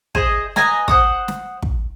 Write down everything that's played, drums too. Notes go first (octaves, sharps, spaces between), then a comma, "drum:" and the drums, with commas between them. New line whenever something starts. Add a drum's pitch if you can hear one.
G#4 C5 D#5, drum: kick
B4 D#5 G#5 A#5, drum: snare
C5 F#5 D#6, drum: kick
drum: snare
drum: kick